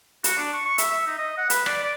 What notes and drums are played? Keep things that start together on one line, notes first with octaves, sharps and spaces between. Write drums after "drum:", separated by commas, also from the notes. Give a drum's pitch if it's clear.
F#4, drum: hi-hat
D4
C#6
C#6
E5, drum: hi-hat
E5
D#4
D#5
F#5
B4, drum: hi-hat
D5, drum: rim click
D5